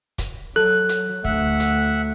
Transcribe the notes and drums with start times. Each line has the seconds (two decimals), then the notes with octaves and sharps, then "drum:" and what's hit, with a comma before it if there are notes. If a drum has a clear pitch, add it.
0.18 drum: kick, hi-hat
0.56 F#3 A4 F#6
0.89 drum: hi-hat
1.24 D2 A3 E5 F#5, drum: kick
1.60 drum: hi-hat